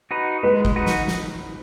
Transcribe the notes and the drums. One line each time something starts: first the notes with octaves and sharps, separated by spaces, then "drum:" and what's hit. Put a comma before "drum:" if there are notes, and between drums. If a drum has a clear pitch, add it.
D#4 F#4 B4
G#3 B4
drum: kick G1
D#4 F#4 B4
drum: snare
drum: snare